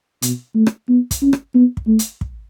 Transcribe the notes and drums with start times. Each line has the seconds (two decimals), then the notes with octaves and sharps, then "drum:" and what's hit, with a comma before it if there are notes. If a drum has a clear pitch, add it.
0.22 B2, drum: hi-hat
0.55 A3
0.67 drum: rim click
0.89 B3
1.11 drum: kick, hi-hat
1.22 C#4
1.33 drum: rim click
1.55 B3
1.77 drum: kick
1.87 A3
1.99 drum: hi-hat
2.21 drum: kick